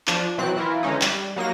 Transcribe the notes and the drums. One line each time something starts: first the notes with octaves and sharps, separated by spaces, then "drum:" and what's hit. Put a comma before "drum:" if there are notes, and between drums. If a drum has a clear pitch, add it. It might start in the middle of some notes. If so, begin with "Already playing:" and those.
F3 D4, drum: clap
B2 E3 F#3 C4 F#6
E3 E4 F4 A#4
D3 E3 G#3 C#4 D#4
G3, drum: clap
F#3 A#3 D#4 A#6